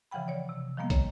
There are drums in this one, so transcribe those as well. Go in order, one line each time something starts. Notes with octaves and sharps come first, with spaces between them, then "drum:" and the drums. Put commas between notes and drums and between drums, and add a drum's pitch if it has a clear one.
C#3 E3 F3 F#5 G5 B5
C#5 D5
C3
D#3 F3 G3 A#3 B3
C#5, drum: kick, hi-hat